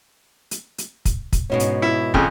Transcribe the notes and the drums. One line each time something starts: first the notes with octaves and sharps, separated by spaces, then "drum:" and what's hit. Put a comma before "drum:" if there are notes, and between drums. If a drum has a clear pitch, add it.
drum: hi-hat
drum: hi-hat
drum: kick, hi-hat
drum: kick, hi-hat
G#2 B2 C#4
drum: hi-hat
E4
F2 C#3, drum: kick